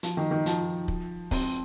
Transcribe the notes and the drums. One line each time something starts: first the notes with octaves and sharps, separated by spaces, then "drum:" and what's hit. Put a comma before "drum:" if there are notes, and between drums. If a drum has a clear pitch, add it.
F3, drum: hi-hat
D#3
D#3
F3, drum: hi-hat
drum: kick
C4, drum: kick, open hi-hat